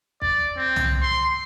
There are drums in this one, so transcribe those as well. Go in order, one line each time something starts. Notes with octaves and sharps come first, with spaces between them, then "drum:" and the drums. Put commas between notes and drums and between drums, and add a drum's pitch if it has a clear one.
D5, drum: kick
C4
drum: tom
C6